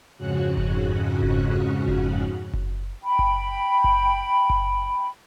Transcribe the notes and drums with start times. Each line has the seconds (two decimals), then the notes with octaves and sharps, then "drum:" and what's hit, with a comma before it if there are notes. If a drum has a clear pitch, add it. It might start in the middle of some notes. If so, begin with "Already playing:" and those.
0.17 F2 G#2 C#3 C#4 F#4 F#6
0.57 drum: kick F#1
1.23 drum: kick F#1
1.88 drum: kick F#1
2.54 drum: kick F#1
3.03 G5 B5
3.19 drum: kick F#1
3.84 drum: kick F#1
4.50 drum: kick F#1